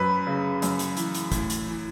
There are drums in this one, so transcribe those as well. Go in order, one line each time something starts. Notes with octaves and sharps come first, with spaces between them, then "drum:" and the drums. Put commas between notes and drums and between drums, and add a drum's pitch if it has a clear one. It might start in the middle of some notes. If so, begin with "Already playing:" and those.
Already playing: F#2 B4
C#3
F#2, drum: hi-hat
drum: hi-hat
E3, drum: hi-hat
drum: hi-hat
A2, drum: kick, hi-hat
drum: hi-hat
E3